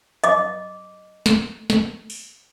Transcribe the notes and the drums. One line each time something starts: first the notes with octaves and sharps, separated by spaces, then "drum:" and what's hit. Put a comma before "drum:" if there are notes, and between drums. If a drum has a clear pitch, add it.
D#5 D6, drum: hi-hat
drum: snare
drum: snare
drum: open hi-hat